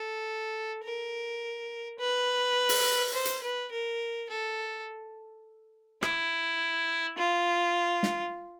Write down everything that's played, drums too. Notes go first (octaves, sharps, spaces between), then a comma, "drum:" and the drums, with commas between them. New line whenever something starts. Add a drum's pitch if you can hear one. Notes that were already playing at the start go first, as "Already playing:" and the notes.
Already playing: A4
A#4
B4
drum: open hi-hat
C5
drum: hi-hat
B4
A#4
A4
E4, drum: rim click
F4
drum: snare